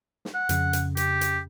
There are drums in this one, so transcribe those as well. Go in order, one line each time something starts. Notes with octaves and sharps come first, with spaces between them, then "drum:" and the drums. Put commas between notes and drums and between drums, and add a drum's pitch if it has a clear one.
drum: snare
F#5
F2 C#3, drum: hi-hat
drum: hi-hat
G4, drum: hi-hat
drum: hi-hat